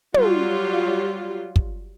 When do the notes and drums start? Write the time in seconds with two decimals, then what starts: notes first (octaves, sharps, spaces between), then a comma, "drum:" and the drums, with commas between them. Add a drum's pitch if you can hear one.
0.14 F#3 G3 F4, drum: tom
1.56 drum: kick